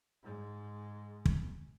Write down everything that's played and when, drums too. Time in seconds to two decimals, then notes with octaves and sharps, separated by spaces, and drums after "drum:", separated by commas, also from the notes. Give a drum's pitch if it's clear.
0.23 G#2 G#3
1.26 drum: kick